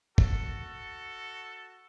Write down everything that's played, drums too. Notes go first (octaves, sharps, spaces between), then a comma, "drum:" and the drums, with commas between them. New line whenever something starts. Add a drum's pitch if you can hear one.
F#4 A4, drum: kick